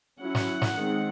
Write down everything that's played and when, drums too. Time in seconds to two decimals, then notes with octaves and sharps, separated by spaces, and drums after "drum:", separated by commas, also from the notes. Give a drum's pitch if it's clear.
0.21 F#3 C#4 E4 F#5
0.35 drum: snare
0.62 drum: snare
0.75 D#3 G#3 C4